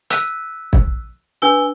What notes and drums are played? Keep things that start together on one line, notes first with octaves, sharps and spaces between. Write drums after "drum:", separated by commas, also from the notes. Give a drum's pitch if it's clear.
E6 F#6 B6 D#7, drum: hi-hat
drum: kick B1
D4 B4 G#5 E6 G7